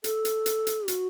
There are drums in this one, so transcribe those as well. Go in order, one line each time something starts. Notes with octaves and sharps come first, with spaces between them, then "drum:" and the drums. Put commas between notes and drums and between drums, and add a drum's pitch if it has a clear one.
A4, drum: hi-hat
drum: hi-hat
drum: hi-hat
drum: hi-hat
F#4, drum: hi-hat